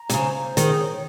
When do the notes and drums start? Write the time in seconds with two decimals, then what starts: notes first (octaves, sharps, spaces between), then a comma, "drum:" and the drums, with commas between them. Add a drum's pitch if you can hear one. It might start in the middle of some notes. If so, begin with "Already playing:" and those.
Already playing: A#5
0.10 C3, drum: hi-hat
0.14 C#3 C5
0.36 C5
0.57 D#3 G#4, drum: hi-hat
0.79 C#5